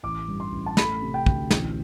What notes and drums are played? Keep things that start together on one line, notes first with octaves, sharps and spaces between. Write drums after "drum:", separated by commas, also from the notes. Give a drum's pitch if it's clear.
A1 D6
G2
C6
A1
A5
A3 B5, drum: snare
C3
G5
D2, drum: kick
A1, drum: snare